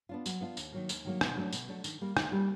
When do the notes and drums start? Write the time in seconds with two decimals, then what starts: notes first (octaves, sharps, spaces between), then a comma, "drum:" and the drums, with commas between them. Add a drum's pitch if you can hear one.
0.09 B3 D4 F4
0.26 F#3, drum: tambourine
0.41 B3 D4 F4
0.57 D#2, drum: tambourine
0.72 D#3 F#3 A#3
0.89 D#2, drum: tambourine
1.05 D#3 F#3 A#3
1.21 B2, drum: rim click
1.36 F#3 A3 D4
1.52 B2, drum: tambourine
1.68 F#3 A3 D4
1.84 D#3, drum: tambourine
2.01 G3 A#3
2.17 D#3, drum: rim click
2.32 G3 A#3